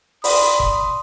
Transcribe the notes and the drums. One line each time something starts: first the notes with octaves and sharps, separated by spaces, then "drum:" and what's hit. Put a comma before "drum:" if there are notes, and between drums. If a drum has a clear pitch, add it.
D5 B5 C6 D#6, drum: open hi-hat
drum: kick